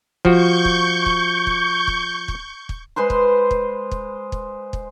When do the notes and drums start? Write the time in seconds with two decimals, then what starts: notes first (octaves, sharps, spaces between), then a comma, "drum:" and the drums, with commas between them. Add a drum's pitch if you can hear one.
0.25 F3 F#4 C#6 G6, drum: kick
0.65 drum: kick
1.06 drum: kick
1.47 drum: kick
1.88 drum: kick
2.28 drum: kick
2.69 drum: kick
2.96 G#3 B4 C5 C6
3.10 drum: kick
3.51 drum: kick
3.91 drum: kick
4.32 drum: kick
4.73 drum: kick